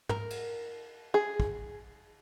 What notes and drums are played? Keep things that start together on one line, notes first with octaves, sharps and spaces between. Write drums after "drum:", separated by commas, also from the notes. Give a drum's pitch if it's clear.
A#4, drum: tom
drum: cymbal
G#4
drum: kick